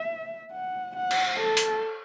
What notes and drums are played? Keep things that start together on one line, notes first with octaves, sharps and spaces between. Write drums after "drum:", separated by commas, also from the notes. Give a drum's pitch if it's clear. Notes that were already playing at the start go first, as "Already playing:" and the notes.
Already playing: E5
F#5
F#5
drum: cymbal
A4
drum: hi-hat